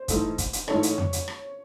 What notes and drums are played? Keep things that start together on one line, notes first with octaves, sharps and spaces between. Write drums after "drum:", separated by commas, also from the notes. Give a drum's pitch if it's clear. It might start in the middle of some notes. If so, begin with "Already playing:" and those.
Already playing: C5
G#2 E3 A3 D#4 A4, drum: kick, hi-hat
drum: kick, hi-hat
drum: hi-hat
G#2 E3 A3 D#4 A4 C#5, drum: rim click
drum: hi-hat
drum: tom F2
drum: hi-hat
drum: rim click